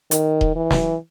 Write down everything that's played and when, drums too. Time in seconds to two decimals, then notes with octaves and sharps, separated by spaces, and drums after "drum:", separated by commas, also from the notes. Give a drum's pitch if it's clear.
0.11 D#3, drum: hi-hat
0.41 drum: kick D#1
0.56 E3
0.71 drum: snare